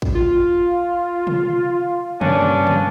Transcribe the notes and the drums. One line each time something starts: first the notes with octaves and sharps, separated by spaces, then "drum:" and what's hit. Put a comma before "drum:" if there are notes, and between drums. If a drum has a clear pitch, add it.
drum: kick
F4
drum: tom
G2 A#3 C#4 D4, drum: tom
drum: tom